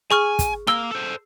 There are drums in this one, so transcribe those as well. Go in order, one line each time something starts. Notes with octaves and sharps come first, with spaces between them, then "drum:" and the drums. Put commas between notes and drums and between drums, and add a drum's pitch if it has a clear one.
G#4 G#5 C#6 F6, drum: rim click
drum: kick, hi-hat
A#3 E6 G7, drum: rim click
A4 C5